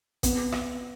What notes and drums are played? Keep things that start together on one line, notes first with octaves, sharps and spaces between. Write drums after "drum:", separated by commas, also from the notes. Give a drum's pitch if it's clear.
B3, drum: kick, hi-hat
drum: rim click